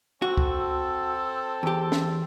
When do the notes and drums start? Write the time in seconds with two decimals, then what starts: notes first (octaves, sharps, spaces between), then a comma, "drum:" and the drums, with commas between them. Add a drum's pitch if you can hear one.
0.22 C4 F#4 A4
0.37 drum: kick C#2
1.63 E2 G4
1.92 drum: snare